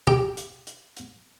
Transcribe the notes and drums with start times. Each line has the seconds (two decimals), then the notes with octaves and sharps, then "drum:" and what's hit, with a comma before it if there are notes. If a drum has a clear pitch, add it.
0.07 G4, drum: tom
0.37 drum: hi-hat
0.67 drum: hi-hat
0.97 drum: hi-hat